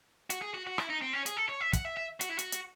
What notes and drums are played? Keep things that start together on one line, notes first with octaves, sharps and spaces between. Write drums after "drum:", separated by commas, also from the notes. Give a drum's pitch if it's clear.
F#4, drum: hi-hat
G#4
F#4
F#4
E4, drum: rim click
D#4
C4
C#4
G#4, drum: hi-hat
A4
C#5
E5
F#5, drum: kick, hi-hat
E5
E5
F#4, drum: hi-hat
E4
F#4, drum: hi-hat
drum: hi-hat